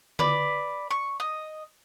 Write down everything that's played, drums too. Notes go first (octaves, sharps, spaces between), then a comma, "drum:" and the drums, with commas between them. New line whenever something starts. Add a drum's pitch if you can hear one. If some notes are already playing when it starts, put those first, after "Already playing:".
B4 D5, drum: tom D3
C#6
D#5